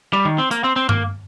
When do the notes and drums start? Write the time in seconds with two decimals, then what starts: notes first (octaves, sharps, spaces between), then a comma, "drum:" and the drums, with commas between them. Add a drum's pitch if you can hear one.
0.13 G3
0.25 D#3
0.38 C4
0.51 A#3, drum: hi-hat
0.64 C4
0.76 C4
0.89 A#3, drum: tom G2